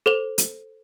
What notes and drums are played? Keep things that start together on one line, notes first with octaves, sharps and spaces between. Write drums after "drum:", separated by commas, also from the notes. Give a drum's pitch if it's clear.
A4 C5 F7
drum: hi-hat